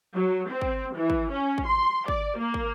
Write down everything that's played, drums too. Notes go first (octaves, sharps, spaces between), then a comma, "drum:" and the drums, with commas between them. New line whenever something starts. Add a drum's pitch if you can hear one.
F#3
C4
drum: kick
E3
drum: kick
C#4
drum: kick
C6
D5, drum: kick
A#3
drum: kick